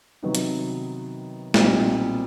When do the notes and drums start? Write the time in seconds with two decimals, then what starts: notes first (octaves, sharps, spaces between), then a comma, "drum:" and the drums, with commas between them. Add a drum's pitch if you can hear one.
0.23 C3 D#3 F#3 B3 D#4
0.35 drum: hi-hat
1.54 B1 A#2 G3 C4 D#4, drum: snare